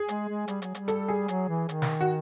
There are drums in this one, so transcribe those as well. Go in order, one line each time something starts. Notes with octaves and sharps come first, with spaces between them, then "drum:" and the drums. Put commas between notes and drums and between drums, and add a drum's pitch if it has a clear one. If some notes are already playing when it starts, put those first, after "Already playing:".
Already playing: G#4
G#3, drum: hi-hat
G#3
G3, drum: hi-hat
F#3, drum: hi-hat
G3, drum: hi-hat
A4, drum: hi-hat
G#4
F#3, drum: hi-hat
E3
D#3, drum: hi-hat
drum: snare
F#4